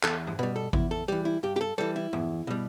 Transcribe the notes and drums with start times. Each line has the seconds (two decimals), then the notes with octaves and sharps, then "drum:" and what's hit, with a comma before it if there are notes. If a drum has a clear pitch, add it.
0.04 E2 A4, drum: clap
0.27 drum: tom G2
0.39 B2 G3 B4
0.56 A4
0.73 E2 E4, drum: kick G#1
0.91 A4
1.08 E3 G3 G4
1.25 E4
1.43 G2 G4
1.56 G4
1.61 A4
1.78 E3 G3 A4
1.96 E4
2.13 E2, drum: tom G2
2.47 B2 G3